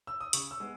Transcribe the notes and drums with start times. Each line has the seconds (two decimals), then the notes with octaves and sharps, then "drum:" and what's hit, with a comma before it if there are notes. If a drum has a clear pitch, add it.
0.07 E6
0.21 D#6
0.33 C#3 C#6, drum: hi-hat
0.51 E6
0.60 G#3 B3